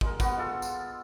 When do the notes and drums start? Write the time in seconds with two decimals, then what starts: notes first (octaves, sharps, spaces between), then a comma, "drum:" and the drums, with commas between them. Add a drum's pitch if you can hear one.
0.01 G#3 A#4, drum: kick
0.20 B3 F#4, drum: kick, tambourine
0.37 G#3 F4 A4
0.62 drum: tambourine